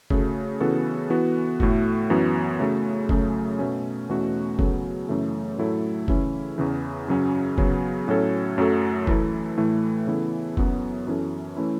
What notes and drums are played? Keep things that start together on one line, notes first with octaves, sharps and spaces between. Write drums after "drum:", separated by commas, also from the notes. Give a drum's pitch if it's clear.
C#3 A3 F#4 A4, drum: kick
C#3 E3 B3 F#4 A4
E3 B3 F#4
A2 A3 F#4, drum: kick
F#2 E3 B3 F#4
C#3 A3 F#4
F#2 C#3 F#3 A3, drum: kick
B2 A3 C#4
E2 B2 A3 C#4 F#4
C#3 F#3 B3 A4, drum: kick
F#2 C#3 E3 A3
A2 F#3 A3 E4 A4
C#3 E3 C#4 E4, drum: kick
E2 C#3 E3
F#2 C#3 F#3 C#4
C#3 F#3 B3, drum: kick
A2 F#3 C#4 A4
F#2 F#3 A3 F#4 A4
E3 A3 E4 A4, drum: kick
A2 E3 A3
C#3 E3 B3 E4 A4
F#2 F#3 B3 F#4, drum: kick
F#2 E3 C#4 A4
E3 A3 C#4 E4